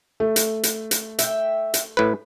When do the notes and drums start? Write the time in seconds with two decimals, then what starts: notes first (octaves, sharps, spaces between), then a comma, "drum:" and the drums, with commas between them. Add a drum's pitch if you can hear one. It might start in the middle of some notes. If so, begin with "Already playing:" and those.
0.20 A3
0.36 drum: hi-hat
0.63 drum: hi-hat
0.91 drum: hi-hat
1.19 E5 G5, drum: hi-hat
1.74 drum: hi-hat
1.97 A2 B4